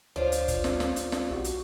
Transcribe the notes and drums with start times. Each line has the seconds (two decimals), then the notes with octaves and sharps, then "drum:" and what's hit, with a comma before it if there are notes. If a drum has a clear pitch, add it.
0.16 D2 F3 D4 F4 C5 C#5
0.32 drum: hi-hat
0.48 drum: kick, hi-hat
0.64 drum: snare
0.80 drum: snare
0.96 drum: hi-hat
1.12 drum: snare
1.30 B1 F#4 G4
1.44 drum: hi-hat